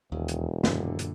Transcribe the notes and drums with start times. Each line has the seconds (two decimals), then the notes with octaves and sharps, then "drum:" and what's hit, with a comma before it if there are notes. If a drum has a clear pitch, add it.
0.12 E1 D#2
0.28 drum: hi-hat
0.64 F#2 A#2 D3, drum: snare
0.99 drum: hi-hat